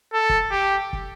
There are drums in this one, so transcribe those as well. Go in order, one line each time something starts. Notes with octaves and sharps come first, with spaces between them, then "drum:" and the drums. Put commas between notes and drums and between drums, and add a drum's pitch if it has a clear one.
A4
drum: kick
G4
drum: kick